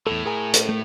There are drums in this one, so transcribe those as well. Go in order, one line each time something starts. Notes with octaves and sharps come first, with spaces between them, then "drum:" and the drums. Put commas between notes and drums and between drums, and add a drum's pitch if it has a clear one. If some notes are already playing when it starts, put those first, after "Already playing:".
E2 A2 A4
G#4 A#4 G#5
drum: hi-hat
A3